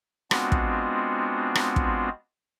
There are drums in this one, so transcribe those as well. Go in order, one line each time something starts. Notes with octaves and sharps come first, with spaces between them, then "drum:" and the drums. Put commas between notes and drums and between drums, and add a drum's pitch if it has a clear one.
G#3 B3 C4 D4 F4 F#4, drum: rim click
drum: kick
drum: rim click
drum: kick